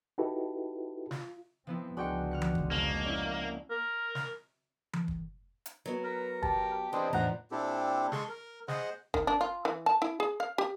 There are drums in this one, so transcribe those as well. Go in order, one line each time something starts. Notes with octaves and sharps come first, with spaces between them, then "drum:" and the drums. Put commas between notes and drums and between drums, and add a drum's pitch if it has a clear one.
D#4 E4 F#4 G4 A4 B4
F4, drum: snare
F3 B3 C4 E4
C#2 D3 G#3 D4 F#4 F#5 G5 C#7
F6 F#6 C#7
drum: tom E3
drum: kick
F1 A#3 G#4 D#5 A5
C#4 E4 D5 E5
A#4
drum: snare
drum: tom E3
drum: kick
drum: hi-hat
F#3 B3
A#4 B4
G4 A5, drum: kick
E3 C4 D4 G4 C5 D#5
E2 A2 F3 D4 D#4 C5 F#5 A#5
A#2 C4 D4 E4 G4 A4
G#3 G#4 A4 C6 C#6, drum: snare
A#4
G#4 C5 D#5 F#5, drum: snare
D#3, drum: kick
D4
F4
E3
A5
E4
G#4
F5
G4